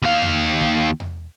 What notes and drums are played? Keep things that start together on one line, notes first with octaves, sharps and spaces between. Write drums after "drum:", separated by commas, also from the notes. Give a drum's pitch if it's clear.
D#2 F5
drum: tom E2
drum: kick
drum: tom E2